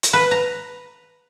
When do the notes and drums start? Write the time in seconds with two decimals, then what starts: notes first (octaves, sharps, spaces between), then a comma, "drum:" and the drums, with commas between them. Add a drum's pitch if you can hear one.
0.03 drum: hi-hat
0.13 B4
0.31 A#5